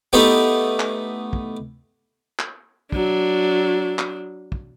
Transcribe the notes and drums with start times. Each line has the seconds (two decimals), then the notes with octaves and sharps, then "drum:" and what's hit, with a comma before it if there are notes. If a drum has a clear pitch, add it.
0.13 A3 B3 D#4 E4 G4
0.80 drum: clap
1.33 drum: kick
2.39 drum: clap
2.92 F#3 D4, drum: kick
3.99 drum: clap
4.52 drum: kick